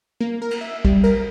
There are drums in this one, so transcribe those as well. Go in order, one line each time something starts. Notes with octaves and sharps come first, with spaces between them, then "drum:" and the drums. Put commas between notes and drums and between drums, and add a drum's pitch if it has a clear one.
A#3
A#4
drum: cymbal
E5
G3, drum: kick
A#4, drum: cymbal